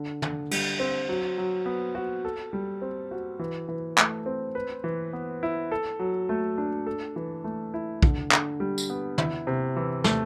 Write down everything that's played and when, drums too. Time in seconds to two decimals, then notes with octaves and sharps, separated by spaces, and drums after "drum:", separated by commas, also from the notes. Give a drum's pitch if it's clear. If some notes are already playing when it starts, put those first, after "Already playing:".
Already playing: D3
0.22 D3, drum: tom
0.51 G3, drum: cymbal
0.80 C4
1.09 F#3
1.38 F#3
1.66 B3
1.95 F#4
2.25 A4
2.53 G3
2.82 C4
3.11 F#4
3.39 E3
3.69 E3
3.98 A3, drum: clap
4.26 C4
4.55 B4
4.84 E3
5.13 B3
5.43 E4
5.72 A4
5.99 F#3
6.29 A3
6.58 D4
6.87 A4
7.16 E3
7.44 A3
7.74 E4
8.02 D3, drum: kick
8.32 D3, drum: clap
8.60 G3
8.78 drum: tambourine
8.90 B3
9.18 E4, drum: tom
9.47 C3
9.76 E3
10.04 A3, drum: snare